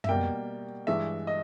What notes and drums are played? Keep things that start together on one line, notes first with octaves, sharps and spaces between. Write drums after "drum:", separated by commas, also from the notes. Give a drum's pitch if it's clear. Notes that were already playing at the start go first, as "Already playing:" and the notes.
E5, drum: tom
B2 G3 A#3 G5
G2 E3 G#3 E5
D#5